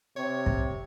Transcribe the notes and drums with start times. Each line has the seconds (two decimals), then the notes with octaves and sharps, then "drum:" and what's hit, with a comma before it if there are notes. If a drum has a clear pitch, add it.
0.16 C3 C#5
0.46 drum: kick